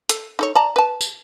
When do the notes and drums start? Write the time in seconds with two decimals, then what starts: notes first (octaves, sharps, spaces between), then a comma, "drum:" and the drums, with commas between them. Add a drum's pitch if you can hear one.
0.09 A4, drum: hi-hat
0.39 D#4 A4 C#5
0.55 D5 A5 A#5
0.76 B4 A5
1.01 drum: tambourine